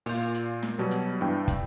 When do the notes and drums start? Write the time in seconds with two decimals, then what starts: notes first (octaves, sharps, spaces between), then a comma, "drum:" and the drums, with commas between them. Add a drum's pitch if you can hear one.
0.06 A#2 F4 G6, drum: open hi-hat
0.34 drum: hi-hat
0.63 drum: snare
0.78 B2 F#3 G3
0.91 drum: hi-hat
1.21 G2 E3 G5
1.48 drum: kick, hi-hat